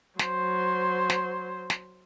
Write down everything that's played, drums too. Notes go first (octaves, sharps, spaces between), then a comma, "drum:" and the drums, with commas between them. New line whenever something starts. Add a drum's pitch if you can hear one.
F#3 C5, drum: snare
drum: snare
drum: snare